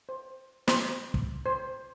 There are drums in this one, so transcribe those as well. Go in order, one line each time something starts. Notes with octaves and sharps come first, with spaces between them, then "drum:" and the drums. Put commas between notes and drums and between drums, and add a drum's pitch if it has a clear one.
C5
C5, drum: snare
drum: kick
C5